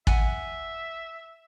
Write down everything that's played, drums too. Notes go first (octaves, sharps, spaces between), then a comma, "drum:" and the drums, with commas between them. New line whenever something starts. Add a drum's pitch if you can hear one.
E5 F#5 G#5, drum: kick